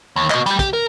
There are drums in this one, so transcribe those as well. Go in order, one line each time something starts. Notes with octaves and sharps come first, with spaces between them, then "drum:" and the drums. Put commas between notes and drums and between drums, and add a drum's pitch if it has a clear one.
D#2
F#4 D#5, drum: clap
G3 G4, drum: hi-hat
G4, drum: kick, hi-hat
A#4